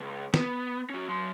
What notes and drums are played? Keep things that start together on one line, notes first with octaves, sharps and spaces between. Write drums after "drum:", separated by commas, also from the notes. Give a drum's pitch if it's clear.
C#2
B3, drum: snare
C#4 F#4
F#3 C6